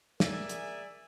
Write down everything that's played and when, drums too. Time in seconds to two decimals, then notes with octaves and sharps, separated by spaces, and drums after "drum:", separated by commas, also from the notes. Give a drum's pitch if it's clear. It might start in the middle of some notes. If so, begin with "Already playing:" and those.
0.20 G#4 A#4 D5 E5 G#5, drum: snare
0.49 drum: hi-hat